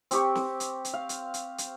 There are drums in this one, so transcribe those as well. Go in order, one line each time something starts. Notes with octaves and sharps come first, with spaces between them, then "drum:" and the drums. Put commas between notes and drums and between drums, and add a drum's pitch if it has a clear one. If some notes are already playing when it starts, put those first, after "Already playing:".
C4 G4 C#6, drum: hi-hat
drum: snare
drum: hi-hat
drum: hi-hat
F5
drum: hi-hat
drum: hi-hat
drum: hi-hat